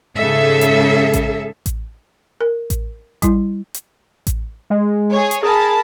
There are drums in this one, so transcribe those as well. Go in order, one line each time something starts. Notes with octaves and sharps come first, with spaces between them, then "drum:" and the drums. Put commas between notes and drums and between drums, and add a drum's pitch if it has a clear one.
G#2 C#3 G#4 A4 E5
drum: hi-hat
drum: kick A1, hi-hat
drum: kick A1, hi-hat
A#4
drum: kick A1, hi-hat
G3 E4, drum: kick A1, hi-hat
drum: hi-hat
drum: kick A1, hi-hat
G#3
G#4 C#5
drum: hi-hat
G#4 A#4 A5 B5